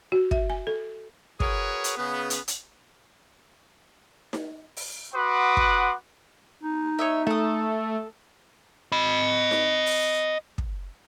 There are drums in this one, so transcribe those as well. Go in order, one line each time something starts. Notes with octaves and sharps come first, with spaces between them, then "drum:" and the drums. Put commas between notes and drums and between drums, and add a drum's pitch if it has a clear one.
F#4
E5, drum: kick
G#5
A4
F#4 G#4 A#4 B4 C#5, drum: kick
drum: hi-hat
C#3 B3
drum: hi-hat
drum: hi-hat
drum: snare D#4
drum: open hi-hat
F#4 B4 F#5 C6 D6 D#6
drum: kick
D#4
C#5 D#5 E5
A3 A4 D#6
D#5 B5
drum: snare D#4
drum: open hi-hat
drum: kick